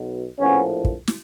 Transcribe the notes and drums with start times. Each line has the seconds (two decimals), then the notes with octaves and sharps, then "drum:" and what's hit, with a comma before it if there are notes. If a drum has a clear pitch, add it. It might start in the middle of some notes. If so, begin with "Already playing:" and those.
Already playing: B1 B2
0.39 A#1 A2 F3 B3 C#4
0.85 drum: kick
1.07 drum: snare